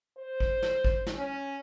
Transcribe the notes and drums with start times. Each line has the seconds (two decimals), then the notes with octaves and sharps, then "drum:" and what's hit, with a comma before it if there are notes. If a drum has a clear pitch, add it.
0.18 C5
0.40 drum: kick
0.62 drum: snare
0.84 drum: kick
1.07 drum: snare
1.17 C#4